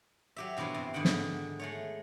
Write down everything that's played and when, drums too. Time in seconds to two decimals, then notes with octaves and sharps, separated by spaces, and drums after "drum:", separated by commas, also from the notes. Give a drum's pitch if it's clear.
0.36 F#3 G4 E5
0.57 G2 B2 E3 B3 C5
0.74 C3
0.94 G#2 D3 D#3 B3 F#5 G5
1.05 drum: snare
1.59 G#3 A3 C#5